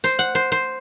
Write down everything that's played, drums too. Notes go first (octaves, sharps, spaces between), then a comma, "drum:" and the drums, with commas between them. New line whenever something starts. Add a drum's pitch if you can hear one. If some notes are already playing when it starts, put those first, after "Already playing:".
C5, drum: tambourine
F#5
C5
C5